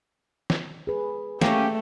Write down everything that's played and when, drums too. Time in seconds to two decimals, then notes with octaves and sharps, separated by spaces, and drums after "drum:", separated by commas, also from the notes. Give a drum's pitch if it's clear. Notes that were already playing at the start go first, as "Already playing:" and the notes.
0.50 drum: snare
0.87 G#4 B4
1.41 A3 A#3 C#4 G4, drum: snare